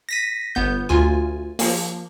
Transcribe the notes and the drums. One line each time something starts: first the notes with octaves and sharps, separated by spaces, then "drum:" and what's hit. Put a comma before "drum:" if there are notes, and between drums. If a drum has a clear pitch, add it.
A#6 B6 D#7
G1 B3 G6
D2 F4 G#5
F3 A#3, drum: open hi-hat